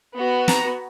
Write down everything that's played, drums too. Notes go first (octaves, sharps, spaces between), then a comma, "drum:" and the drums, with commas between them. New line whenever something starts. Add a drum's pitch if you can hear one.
B3 F#4
A#5, drum: snare